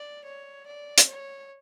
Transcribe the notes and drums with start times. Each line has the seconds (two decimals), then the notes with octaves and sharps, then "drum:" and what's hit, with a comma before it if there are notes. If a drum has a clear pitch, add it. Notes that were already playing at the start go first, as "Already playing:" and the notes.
Already playing: D5
0.25 C#5
0.66 D5
0.98 drum: hi-hat
1.07 C#5